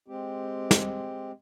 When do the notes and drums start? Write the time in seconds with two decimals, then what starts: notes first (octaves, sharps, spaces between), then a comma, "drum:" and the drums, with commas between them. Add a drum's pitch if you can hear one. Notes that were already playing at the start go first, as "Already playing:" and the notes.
0.08 G#3 C4 G4
0.71 drum: snare